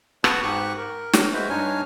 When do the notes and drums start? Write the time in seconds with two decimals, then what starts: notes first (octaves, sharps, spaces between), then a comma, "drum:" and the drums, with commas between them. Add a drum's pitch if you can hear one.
0.24 F#4 B4 A5 C#6 D#6, drum: rim click
0.42 G#2 G4 C#6 F#6
0.77 A#4
1.13 drum: snare
1.33 G#3 F#4 B4 C5 E5
1.50 G2 D4 D#4 C#5 G#5 F6